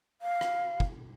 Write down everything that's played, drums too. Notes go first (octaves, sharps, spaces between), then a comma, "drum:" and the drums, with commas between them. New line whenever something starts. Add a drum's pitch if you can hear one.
F5
drum: rim click
drum: kick